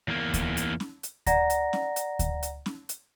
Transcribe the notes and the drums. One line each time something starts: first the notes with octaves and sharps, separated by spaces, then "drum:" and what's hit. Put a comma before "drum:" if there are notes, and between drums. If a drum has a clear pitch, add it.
E2 A#3
drum: kick D2, hi-hat
drum: hi-hat
drum: snare
drum: hi-hat
D5 F#5 A#5 A#6, drum: kick D2, hi-hat
drum: hi-hat
drum: snare
drum: hi-hat
drum: kick D2, hi-hat
drum: hi-hat
drum: snare
drum: hi-hat